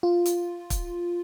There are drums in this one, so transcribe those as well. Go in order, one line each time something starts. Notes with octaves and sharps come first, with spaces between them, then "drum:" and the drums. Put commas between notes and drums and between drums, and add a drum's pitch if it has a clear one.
F4
drum: hi-hat
drum: kick, hi-hat